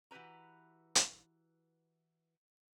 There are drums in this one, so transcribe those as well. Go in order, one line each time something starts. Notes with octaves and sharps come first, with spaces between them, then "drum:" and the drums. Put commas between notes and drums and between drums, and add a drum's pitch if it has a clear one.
E3 F#4 G4 B4 A#5
drum: hi-hat